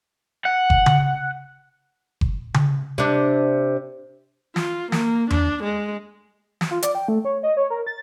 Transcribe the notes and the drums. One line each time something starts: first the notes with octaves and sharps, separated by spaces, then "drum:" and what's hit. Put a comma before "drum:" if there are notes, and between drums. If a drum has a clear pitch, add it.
F#5
drum: kick F#1
drum: tom C#3
drum: kick F#1
drum: tom C#3
C3 D4
F4, drum: snare
A#3, drum: snare
D4, drum: tom E2
G#3
drum: snare
F4
D5, drum: hi-hat
G5
A3
C#5
D#5
C#5
A#4
A6